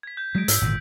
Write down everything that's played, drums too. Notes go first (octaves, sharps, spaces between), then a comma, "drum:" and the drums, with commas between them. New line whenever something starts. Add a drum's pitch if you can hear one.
G#6 B6
G6
F#3 G#3 B6 D7
G#2 E6, drum: hi-hat
G#1 A#2 D3